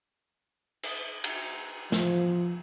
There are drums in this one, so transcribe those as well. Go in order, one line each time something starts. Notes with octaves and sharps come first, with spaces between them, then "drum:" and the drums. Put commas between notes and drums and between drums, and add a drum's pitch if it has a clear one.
drum: cymbal
drum: cymbal
F3, drum: snare